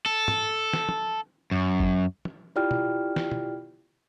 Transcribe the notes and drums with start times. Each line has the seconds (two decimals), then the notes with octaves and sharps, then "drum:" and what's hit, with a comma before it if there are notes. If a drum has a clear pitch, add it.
0.06 A4
0.28 drum: tom
0.73 drum: snare
0.89 drum: tom
1.51 F#2
1.80 drum: kick G#1
2.25 drum: tom
2.56 E4 F4 G4 D5 G5 F6
2.71 drum: tom
3.16 drum: snare
3.32 drum: tom